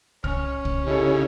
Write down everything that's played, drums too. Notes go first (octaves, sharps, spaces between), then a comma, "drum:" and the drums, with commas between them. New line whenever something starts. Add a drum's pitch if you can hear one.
C#4 F6, drum: kick
drum: kick
C#3 D#4 E4 G4 A4